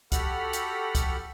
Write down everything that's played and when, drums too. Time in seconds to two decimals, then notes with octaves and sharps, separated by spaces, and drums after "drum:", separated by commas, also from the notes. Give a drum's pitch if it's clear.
0.12 F#4 G4 A4 F#5 B5 F6, drum: kick, hi-hat
0.53 drum: hi-hat
0.95 drum: kick, hi-hat